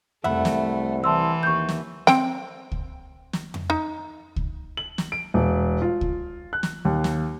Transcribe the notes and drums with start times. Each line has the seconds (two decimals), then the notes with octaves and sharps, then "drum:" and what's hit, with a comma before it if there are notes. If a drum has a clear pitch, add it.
0.24 C2 A3 E5 F#5 B5, drum: tom F2
0.45 drum: snare
1.04 E3 A5 C6 E6
1.43 D#2 C#6 G6
1.69 drum: snare
2.07 C4 G5, drum: snare
2.72 drum: kick C#2
3.33 drum: snare
3.54 drum: tom F2
3.70 D#4
4.36 drum: kick C#2
4.77 F#7
4.98 drum: snare
5.12 D7
5.34 E1
5.82 F4
6.01 drum: kick C#2
6.53 F#6
6.63 drum: snare
6.85 D#2
7.04 drum: snare